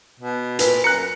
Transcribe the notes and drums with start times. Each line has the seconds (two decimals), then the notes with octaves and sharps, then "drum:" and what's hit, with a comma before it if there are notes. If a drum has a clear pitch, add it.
0.20 B2
0.59 A#2 B4, drum: hi-hat
0.84 F#2 A#5 F#6 C#7